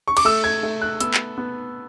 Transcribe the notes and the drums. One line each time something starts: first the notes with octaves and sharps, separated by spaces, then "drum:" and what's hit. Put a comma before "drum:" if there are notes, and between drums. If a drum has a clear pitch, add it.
C#6
D6, drum: cymbal
A3 E6
G#6
A3
F#6
B3 E6, drum: hi-hat
drum: clap
B3